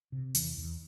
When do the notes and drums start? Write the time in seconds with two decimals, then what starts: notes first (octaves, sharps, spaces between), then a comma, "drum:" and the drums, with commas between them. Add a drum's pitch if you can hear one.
0.12 C3
0.35 E2 E3, drum: hi-hat
0.57 E2